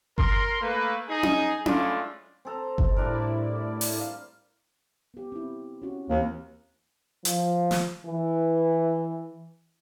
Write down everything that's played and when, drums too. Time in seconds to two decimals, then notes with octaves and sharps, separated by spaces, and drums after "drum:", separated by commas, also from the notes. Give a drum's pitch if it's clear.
0.18 A#4 C6, drum: kick G1
0.61 A3 A#3 B4
1.08 D#4 G#4
1.23 drum: tom C#4
1.66 G#3 A3 C#4 D4 E4 F4, drum: tom C#4
2.45 C4 A4 A#5
2.78 drum: kick G1
2.96 A2 G3 D4 E4 A#4 D5
3.81 drum: open hi-hat
3.99 F5
5.14 B3 G4
5.32 C4 E4
5.82 C#4 F#4
6.10 D#2 E3 C4 A#4
7.25 F3, drum: hi-hat
7.71 drum: snare
8.05 E3